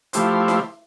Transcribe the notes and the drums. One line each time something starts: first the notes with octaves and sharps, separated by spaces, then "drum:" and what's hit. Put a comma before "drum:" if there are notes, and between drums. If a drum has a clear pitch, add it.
F3 A3 E4 G4 C5, drum: hi-hat
drum: snare E4